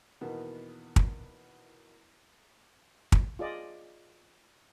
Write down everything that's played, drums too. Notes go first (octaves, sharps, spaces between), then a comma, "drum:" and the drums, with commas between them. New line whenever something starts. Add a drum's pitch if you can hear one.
E2 B2 D#3 A#3 B3
drum: kick
drum: kick
F4 G#4 D5 D#5